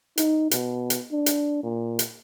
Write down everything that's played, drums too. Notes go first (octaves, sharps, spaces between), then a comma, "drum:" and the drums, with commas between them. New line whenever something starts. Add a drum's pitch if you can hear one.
D#4, drum: hi-hat
B2, drum: hi-hat
drum: hi-hat
D4
drum: hi-hat
A#2
drum: hi-hat